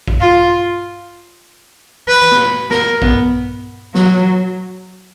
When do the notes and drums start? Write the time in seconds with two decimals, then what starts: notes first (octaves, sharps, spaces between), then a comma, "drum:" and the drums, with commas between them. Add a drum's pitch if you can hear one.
0.08 drum: kick A#1
0.21 F4
2.08 B4
2.32 drum: snare
2.70 A#4, drum: snare
3.02 B3, drum: kick A#1
3.94 F#3, drum: snare